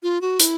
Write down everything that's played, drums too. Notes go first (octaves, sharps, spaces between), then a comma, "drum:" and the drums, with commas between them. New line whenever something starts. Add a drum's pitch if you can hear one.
F4
F#4
E4, drum: hi-hat